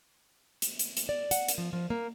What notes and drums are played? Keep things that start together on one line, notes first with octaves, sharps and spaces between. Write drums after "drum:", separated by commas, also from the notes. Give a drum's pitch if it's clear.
drum: hi-hat
drum: hi-hat
drum: hi-hat
D5
F#5, drum: hi-hat
drum: hi-hat
F3
F3
A#3